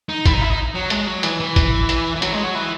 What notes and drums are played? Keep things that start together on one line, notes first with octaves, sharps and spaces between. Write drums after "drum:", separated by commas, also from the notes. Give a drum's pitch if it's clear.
D#4
E4, drum: kick G#1, hi-hat
D#4
E4
D#4
F#3
G#3, drum: hi-hat
F#3
E3, drum: hi-hat
E3
drum: kick G#1, hi-hat
drum: hi-hat
E3
F#3, drum: hi-hat
G#3
F#3
E3